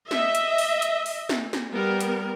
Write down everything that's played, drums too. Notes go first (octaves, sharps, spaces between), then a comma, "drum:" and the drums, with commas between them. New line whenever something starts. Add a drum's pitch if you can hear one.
D#5 E5, drum: snare
drum: hi-hat
drum: open hi-hat
drum: hi-hat
drum: open hi-hat
drum: snare
drum: snare
G3 B3 A#4
drum: hi-hat